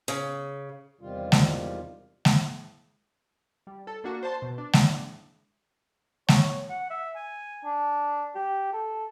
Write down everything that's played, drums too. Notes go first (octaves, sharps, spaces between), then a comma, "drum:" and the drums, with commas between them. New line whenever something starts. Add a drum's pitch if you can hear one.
C#3
E2 C3 D#3 G3 F4
drum: snare G#3
drum: snare G#3
G3
A4
A#3 D4 F#4
C5 A5 C6
B2
D4
drum: snare G#3
C#5, drum: snare G#3
F#5
E5
G#5
D4
G4
A4